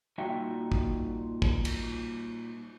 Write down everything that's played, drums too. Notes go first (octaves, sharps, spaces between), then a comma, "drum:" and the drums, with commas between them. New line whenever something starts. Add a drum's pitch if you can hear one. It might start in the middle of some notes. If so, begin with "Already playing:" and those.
A#2 G3 D#4 F#4 E5 G5
drum: kick
drum: kick
drum: cymbal